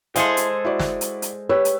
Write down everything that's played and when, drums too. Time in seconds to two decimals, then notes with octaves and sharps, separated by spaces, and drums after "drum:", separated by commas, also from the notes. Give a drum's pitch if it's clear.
0.16 G#3 E4 G#4 A4 C5 F5 C6, drum: hi-hat
0.37 drum: hi-hat
0.65 E4 F#4 D5
0.80 drum: snare
1.01 drum: hi-hat
1.22 drum: hi-hat
1.49 G4 B4 C#5 E6
1.65 drum: hi-hat